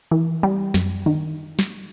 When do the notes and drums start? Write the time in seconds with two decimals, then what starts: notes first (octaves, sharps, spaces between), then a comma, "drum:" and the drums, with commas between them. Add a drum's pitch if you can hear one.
0.11 E3
0.43 G3
0.74 F#2, drum: snare
1.06 D#3
1.59 drum: snare